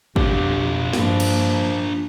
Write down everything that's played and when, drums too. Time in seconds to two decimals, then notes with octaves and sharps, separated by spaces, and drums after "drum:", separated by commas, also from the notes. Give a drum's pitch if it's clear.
0.16 B1 F2 B2 D4 F4 G4, drum: kick G#1
0.93 G2 F3 A#3, drum: snare
1.20 drum: cymbal